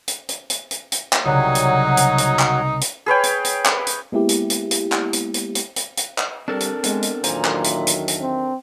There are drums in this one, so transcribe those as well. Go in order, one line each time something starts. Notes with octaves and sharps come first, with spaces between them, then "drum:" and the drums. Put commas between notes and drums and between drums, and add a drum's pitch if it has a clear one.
drum: hi-hat
drum: hi-hat
drum: hi-hat
drum: hi-hat
drum: hi-hat
drum: clap
C2 C#3 F#3 D#4
drum: hi-hat
drum: hi-hat
drum: hi-hat
drum: clap
drum: hi-hat
G#4 B4 C#5 G5
drum: hi-hat
drum: hi-hat
drum: clap
drum: hi-hat
G#3 A#3 B3 E4 G4
drum: hi-hat
drum: hi-hat
drum: hi-hat
drum: clap
drum: hi-hat
drum: hi-hat
drum: hi-hat
drum: hi-hat
drum: hi-hat
drum: clap
G3 C4 D4 A4 A#4
drum: hi-hat
G#3 B3 C4, drum: hi-hat
drum: hi-hat
E2 A#2 D#3 F#3 C5 G#5 A#5, drum: hi-hat
drum: clap
E5, drum: hi-hat
drum: hi-hat
drum: hi-hat
C4